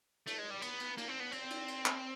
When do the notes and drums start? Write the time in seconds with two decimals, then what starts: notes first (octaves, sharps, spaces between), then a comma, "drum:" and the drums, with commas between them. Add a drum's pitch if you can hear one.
0.27 A3, drum: cymbal
0.39 G#3
0.51 G3
0.62 B3, drum: cymbal
0.80 drum: cymbal
0.98 A#3, drum: cymbal
1.08 C4
1.20 B3
1.32 C4, drum: cymbal
1.50 drum: cymbal
1.68 drum: cymbal
1.86 drum: clap